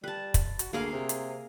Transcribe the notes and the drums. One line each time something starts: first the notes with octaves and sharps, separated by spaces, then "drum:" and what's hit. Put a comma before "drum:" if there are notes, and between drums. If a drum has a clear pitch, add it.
G3 B4 A5
drum: kick, hi-hat
F#4, drum: hi-hat
D2 A#3 G#4 F5
C3
drum: hi-hat